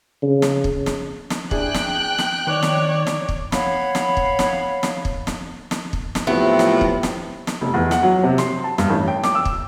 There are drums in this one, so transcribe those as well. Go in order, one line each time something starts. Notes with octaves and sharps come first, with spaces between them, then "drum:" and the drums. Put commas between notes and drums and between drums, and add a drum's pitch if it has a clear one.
C#3
drum: snare
drum: kick
drum: snare
drum: snare
D4 E4 G#4 G5 F#6, drum: kick
drum: snare
drum: snare
D#3 D#4 C#5 D5
drum: snare
drum: snare
drum: kick
C#5 F5 F#5 B5, drum: snare
drum: snare
drum: kick
drum: snare
drum: snare
drum: kick
drum: snare
drum: snare
drum: kick
drum: snare
A2 F3 F#3 B3 C4 G4 E5
drum: snare
drum: kick
drum: snare
drum: snare
F1
E2
F#5, drum: snare
F#3
C3
C6, drum: snare
A5
G2, drum: snare
A1
G5
D6, drum: snare
E6
drum: kick